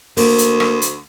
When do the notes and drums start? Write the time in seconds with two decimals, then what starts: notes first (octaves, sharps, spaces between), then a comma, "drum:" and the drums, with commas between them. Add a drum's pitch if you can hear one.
0.17 D2 A#3, drum: open hi-hat
0.38 drum: hi-hat
0.60 drum: rim click
0.82 drum: hi-hat